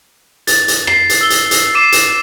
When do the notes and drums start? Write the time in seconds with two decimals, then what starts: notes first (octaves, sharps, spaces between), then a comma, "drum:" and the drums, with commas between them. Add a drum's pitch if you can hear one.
0.47 A6, drum: hi-hat
0.68 drum: hi-hat
0.87 C7, drum: rim click
1.09 drum: hi-hat
1.21 E6 G7
1.30 drum: hi-hat
1.51 drum: hi-hat
1.75 D6 C7 D#7 E7
1.92 drum: hi-hat